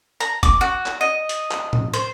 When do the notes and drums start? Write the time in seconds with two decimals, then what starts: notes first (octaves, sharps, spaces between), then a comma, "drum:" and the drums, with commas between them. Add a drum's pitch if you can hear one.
0.21 A#5, drum: hi-hat
0.43 D6, drum: kick F#1, hi-hat
0.61 F#4
0.86 drum: clap
1.01 D#5
1.29 drum: hi-hat
1.51 drum: clap
1.73 drum: tom A2
1.94 C5, drum: hi-hat